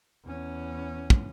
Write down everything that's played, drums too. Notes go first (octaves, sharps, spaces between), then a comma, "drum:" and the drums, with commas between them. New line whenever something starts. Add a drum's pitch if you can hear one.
E2 C#4
drum: kick